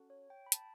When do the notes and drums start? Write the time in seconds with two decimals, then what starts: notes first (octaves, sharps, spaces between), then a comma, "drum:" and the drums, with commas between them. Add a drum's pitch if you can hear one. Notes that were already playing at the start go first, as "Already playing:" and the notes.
Already playing: C#4 F#4 A4
0.10 C#5
0.30 G5
0.46 B5
0.52 A5, drum: hi-hat